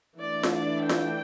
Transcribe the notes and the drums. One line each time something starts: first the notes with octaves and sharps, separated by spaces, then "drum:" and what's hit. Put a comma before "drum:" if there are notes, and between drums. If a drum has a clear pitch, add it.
E3 A3 D4 D5
drum: snare F4
D5
G5, drum: snare F4